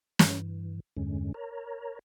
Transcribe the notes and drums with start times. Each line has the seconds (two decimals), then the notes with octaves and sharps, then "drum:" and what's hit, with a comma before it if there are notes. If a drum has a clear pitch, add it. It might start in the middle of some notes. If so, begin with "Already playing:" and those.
0.19 G2 E3, drum: snare
0.97 E2 G2 D3 G#3 C#4
1.34 A#4 C#5 A#5